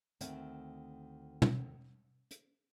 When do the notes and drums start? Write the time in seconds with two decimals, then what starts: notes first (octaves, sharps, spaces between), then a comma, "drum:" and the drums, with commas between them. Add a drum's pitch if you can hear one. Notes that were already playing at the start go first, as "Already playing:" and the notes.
0.21 D2 D#3 C4 E5, drum: hi-hat
1.42 drum: tom
2.31 drum: hi-hat